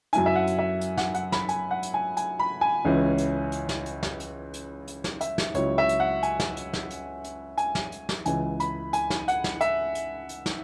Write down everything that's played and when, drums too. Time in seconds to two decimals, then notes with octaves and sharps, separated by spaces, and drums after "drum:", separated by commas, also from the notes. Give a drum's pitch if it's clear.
0.13 F#2 F#3 E4 G#5, drum: hi-hat
0.26 E5
0.35 F#5
0.47 drum: hi-hat
0.59 E5
0.81 drum: hi-hat
0.97 F#5, drum: snare
1.14 F#5, drum: hi-hat
1.32 B5, drum: snare
1.49 G#5, drum: hi-hat
1.71 F#5
1.83 drum: hi-hat
1.94 G#5
2.17 G#5, drum: hi-hat
2.39 B5
2.61 G#5
2.85 C#2 C#3 E3 C#4 E4
3.18 drum: hi-hat
3.52 drum: hi-hat
3.69 drum: snare
3.86 drum: hi-hat
4.03 drum: snare
4.20 drum: hi-hat
4.53 drum: hi-hat
4.87 drum: hi-hat
5.04 drum: snare
5.21 E5, drum: hi-hat
5.38 drum: snare
5.54 C#2 C#3 F#3 E4 C#5, drum: hi-hat
5.78 E5
5.89 drum: hi-hat
6.00 F#5
6.23 G#5, drum: hi-hat
6.40 drum: snare
6.57 drum: hi-hat
6.73 drum: snare
6.90 drum: hi-hat
7.24 drum: hi-hat
7.58 G#5, drum: hi-hat
7.75 drum: snare
7.92 drum: hi-hat
8.09 drum: snare
8.26 C#2 C#3 E3 G#5, drum: hi-hat
8.60 B5, drum: hi-hat
8.93 G#5, drum: hi-hat
9.10 drum: snare
9.28 F#5, drum: hi-hat
9.44 drum: snare
9.61 E5, drum: hi-hat
9.95 drum: hi-hat
10.29 drum: hi-hat
10.46 drum: snare